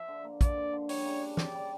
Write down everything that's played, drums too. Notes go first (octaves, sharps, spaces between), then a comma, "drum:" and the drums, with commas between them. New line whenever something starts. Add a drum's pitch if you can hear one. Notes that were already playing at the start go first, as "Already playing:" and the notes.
Already playing: F3 E5
D3
A#3
D3 D5, drum: kick, hi-hat
F3
D3
G3 C#5, drum: open hi-hat
C#3
D4
G4 D5, drum: snare
G3